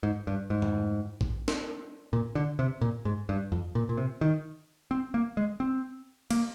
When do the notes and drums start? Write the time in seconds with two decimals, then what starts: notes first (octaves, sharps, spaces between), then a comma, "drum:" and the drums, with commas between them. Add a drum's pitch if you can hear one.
0.03 G#2
0.27 G2
0.50 G#2
0.62 drum: tom F2
1.21 drum: kick A#1
1.48 drum: snare
2.13 A#2
2.35 D3
2.59 C3
2.81 A#2
3.05 G#2
3.29 G2
3.52 F2
3.75 A#2
3.89 A#2
3.97 C3
4.21 D#3
4.91 C4
5.14 A#3
5.37 G#3
5.60 C4
6.30 A#3, drum: cymbal